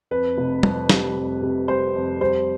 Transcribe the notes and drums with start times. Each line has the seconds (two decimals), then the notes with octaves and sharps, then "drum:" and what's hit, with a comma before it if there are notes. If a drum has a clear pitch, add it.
0.11 F2 B4
0.38 F1
0.63 F2, drum: tom
0.90 G3, drum: snare
1.16 F2
1.42 C3
1.68 G3 C5
1.95 F2
2.21 G3 C5